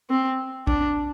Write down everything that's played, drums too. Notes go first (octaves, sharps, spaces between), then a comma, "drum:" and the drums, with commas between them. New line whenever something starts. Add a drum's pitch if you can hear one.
C4
D4, drum: kick A#1